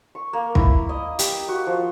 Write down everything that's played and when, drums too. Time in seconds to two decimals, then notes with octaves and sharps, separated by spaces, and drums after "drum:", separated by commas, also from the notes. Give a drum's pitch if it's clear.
0.15 C#6
0.33 A#3
0.55 E4, drum: kick
0.89 D#5
1.19 G4, drum: hi-hat
1.49 F#4
1.67 F3